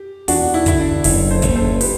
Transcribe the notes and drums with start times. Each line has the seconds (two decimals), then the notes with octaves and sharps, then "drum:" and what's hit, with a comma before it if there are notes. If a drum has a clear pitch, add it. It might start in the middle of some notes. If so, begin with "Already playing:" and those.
Already playing: G4
0.28 E2 D4 F#4, drum: open hi-hat
0.54 E4
0.66 D3 E4, drum: kick, hi-hat
0.80 D4
1.04 F#1 E4, drum: open hi-hat
1.30 A4 C5
1.42 F#1, drum: kick, hi-hat
1.55 A4 C5
1.81 G4 B4, drum: open hi-hat